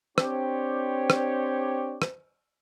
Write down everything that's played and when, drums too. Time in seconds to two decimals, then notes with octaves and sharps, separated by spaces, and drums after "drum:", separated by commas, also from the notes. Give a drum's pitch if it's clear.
0.18 C4 D4 G4 C#5, drum: rim click
1.10 drum: rim click
2.02 drum: rim click